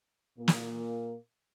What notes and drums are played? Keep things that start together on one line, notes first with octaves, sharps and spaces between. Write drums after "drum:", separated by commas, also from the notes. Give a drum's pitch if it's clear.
A#2 A#3
drum: snare